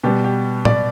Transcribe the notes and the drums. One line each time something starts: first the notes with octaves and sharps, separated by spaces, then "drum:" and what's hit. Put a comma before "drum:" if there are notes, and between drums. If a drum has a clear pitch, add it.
B2 G3 B3 G4
G4
D5, drum: tom A2